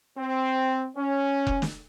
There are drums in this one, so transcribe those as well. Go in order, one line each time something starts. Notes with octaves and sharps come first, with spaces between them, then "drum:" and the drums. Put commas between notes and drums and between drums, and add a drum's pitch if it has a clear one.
C4
C#4
drum: kick F1
drum: snare